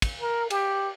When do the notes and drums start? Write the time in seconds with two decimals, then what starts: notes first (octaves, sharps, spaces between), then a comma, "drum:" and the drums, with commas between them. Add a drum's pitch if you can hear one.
0.02 drum: kick, cymbal
0.21 A#4
0.50 G4, drum: cymbal